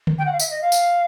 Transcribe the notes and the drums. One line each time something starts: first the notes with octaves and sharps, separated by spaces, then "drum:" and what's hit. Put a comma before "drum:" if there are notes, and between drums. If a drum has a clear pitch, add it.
drum: tom D3
G5
F#5
F5
E5, drum: tambourine
D#5
F5
drum: tambourine